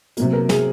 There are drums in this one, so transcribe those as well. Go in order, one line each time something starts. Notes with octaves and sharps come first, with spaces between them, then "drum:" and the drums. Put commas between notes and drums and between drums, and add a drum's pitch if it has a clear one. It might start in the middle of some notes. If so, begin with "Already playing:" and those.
C3 F#3 A#3, drum: hi-hat
A#4
G#4, drum: snare